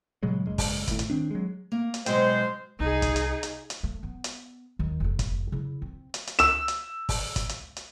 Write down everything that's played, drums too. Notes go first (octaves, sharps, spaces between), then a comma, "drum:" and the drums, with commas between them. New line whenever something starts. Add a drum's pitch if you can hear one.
A#2 C#3 F#3 G#3
F#1 G#3
drum: kick, open hi-hat
G#1 A2, drum: kick, hi-hat
drum: hi-hat
D#3 C4 D4
F#3 G#3
A#3
drum: hi-hat
B2 F#3 G#3 C5 G5, drum: hi-hat
C2 D#4 G#4
drum: kick, hi-hat
drum: hi-hat
drum: hi-hat
drum: hi-hat
A3
B3
drum: hi-hat
D#2 D#3
F1 F2
drum: kick, hi-hat
C#3 E4
C4
drum: hi-hat
drum: hi-hat
E6 E7, drum: hi-hat
drum: hi-hat
drum: kick, open hi-hat
drum: kick, hi-hat
drum: hi-hat
drum: hi-hat